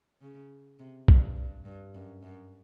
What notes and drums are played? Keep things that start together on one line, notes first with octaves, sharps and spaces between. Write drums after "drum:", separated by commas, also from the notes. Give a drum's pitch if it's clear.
C#3
C3
G2, drum: kick A#1
G2
G2
F#2
F#2